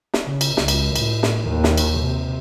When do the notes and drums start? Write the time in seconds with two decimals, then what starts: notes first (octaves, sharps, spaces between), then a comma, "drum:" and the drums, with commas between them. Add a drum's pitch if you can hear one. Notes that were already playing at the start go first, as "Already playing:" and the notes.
0.14 drum: snare
0.24 C#3
0.41 drum: cymbal
0.57 C#2, drum: snare
0.68 drum: cymbal
0.96 A2, drum: cymbal
1.23 drum: snare
1.42 D#2 D#3
1.64 drum: snare
1.78 drum: cymbal
2.00 C3